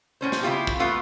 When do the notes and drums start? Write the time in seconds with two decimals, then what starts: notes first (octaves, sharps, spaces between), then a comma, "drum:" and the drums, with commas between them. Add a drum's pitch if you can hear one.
0.21 A2 C#4 C5
0.32 drum: snare
0.43 C#3 E4 F4 G4
0.67 drum: kick
0.79 A3 B3 F4 B4